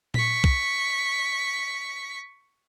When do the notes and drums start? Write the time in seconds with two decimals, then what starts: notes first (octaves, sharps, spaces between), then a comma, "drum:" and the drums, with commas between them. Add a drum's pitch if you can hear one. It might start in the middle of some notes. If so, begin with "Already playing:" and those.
0.14 C#6 B6, drum: tom A#2
0.44 drum: kick